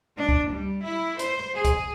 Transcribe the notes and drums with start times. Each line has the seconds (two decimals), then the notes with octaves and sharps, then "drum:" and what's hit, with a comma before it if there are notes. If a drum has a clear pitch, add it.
0.18 D4
0.29 drum: kick C#2
0.52 G3
0.83 E4
1.19 C5, drum: hi-hat
1.56 G#4
1.65 drum: kick C#2, hi-hat